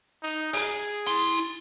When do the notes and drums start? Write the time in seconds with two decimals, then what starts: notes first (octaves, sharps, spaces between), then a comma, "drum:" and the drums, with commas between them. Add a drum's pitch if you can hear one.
0.23 D#4
0.53 G#4, drum: open hi-hat
1.07 E4 C6